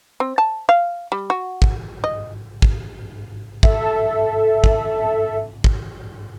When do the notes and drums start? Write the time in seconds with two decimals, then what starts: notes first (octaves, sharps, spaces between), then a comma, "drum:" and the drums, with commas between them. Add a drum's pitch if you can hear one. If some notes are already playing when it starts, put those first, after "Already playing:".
0.20 C4
0.38 A5
0.69 F5
1.12 G3
1.30 F#4
1.62 drum: kick
2.04 D#5
2.62 drum: kick
3.63 A4 E5, drum: kick
4.64 drum: kick
5.64 drum: kick